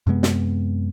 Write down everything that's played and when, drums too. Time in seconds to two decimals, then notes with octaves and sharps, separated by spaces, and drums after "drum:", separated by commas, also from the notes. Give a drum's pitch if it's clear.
0.07 F#2 C3 G#3 B3
0.23 drum: snare